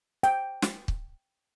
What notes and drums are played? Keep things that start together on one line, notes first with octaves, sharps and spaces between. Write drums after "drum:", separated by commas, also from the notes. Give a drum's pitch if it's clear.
G5, drum: hi-hat
drum: snare
drum: kick